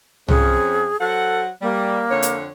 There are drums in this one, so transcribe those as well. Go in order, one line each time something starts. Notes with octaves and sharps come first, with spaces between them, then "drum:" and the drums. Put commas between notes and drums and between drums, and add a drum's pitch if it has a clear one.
F2 C#4 G#4, drum: tom C2
F#3 A4 C5 F#5
G3 A#3
F2 D3 C#5
drum: hi-hat